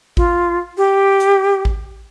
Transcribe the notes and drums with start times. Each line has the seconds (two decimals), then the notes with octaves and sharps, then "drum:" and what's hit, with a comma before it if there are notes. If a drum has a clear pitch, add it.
0.17 F4, drum: kick A1
0.77 G4
1.20 drum: hi-hat
1.65 drum: kick A1